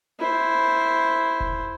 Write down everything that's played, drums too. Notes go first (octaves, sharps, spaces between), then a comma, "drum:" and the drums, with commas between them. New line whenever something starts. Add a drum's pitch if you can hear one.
E4 C5
drum: kick E1